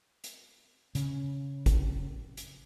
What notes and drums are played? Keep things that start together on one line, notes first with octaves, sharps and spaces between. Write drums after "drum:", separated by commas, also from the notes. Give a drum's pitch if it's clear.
drum: hi-hat
C#3 C#4, drum: hi-hat
drum: kick, hi-hat
drum: hi-hat